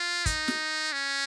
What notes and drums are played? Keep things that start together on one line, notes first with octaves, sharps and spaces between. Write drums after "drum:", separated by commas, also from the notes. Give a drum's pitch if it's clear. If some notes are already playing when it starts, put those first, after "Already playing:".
Already playing: F4
D#4, drum: kick, hi-hat
drum: snare
C#4